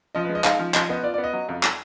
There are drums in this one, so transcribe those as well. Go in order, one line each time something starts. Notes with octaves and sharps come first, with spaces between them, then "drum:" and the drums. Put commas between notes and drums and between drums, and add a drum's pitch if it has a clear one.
F3 D#5
B4
G#3
D#5
D#4 F5, drum: clap
F3
F3 D#5, drum: clap
B3 D#5
F4 D5
D5
B3
D#5
F#3
F2
drum: clap